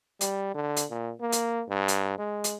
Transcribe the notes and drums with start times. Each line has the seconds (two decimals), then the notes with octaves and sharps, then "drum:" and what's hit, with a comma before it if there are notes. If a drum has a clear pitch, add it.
0.21 G3, drum: hi-hat
0.55 D3
0.76 drum: hi-hat
0.90 A#2
1.21 A#3
1.32 drum: hi-hat
1.69 G2
1.88 drum: hi-hat
2.18 G#3
2.44 drum: hi-hat